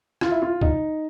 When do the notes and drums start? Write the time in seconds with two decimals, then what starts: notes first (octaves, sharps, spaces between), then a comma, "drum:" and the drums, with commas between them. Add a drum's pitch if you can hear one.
0.21 F4, drum: rim click
0.31 E4
0.42 F4
0.62 D#4, drum: kick